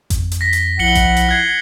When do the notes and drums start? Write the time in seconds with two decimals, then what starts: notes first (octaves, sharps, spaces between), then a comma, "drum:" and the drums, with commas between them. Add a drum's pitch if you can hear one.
0.10 F2, drum: kick G#1, hi-hat
0.32 drum: hi-hat
0.41 A#6 B6
0.53 drum: hi-hat
0.79 B1 F3 E4 F#5 C#7 F#7 G7
0.95 drum: kick G#1, hi-hat
1.17 drum: hi-hat
1.29 F#6 G#6 C7